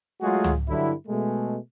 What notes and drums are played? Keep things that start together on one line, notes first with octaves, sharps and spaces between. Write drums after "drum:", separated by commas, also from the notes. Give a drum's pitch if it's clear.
F#3 G#3 A3 F4 F#4 G#4
drum: tom C#2
G2 D3 F#3 E4
B2 G#3 A3